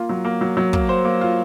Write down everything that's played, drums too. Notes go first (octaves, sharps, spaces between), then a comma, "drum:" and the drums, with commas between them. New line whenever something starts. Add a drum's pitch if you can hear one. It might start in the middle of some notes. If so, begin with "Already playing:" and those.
Already playing: A#3 F4
F#3
A#3
F#3
F#3
A#3, drum: kick
C5
A#3
F4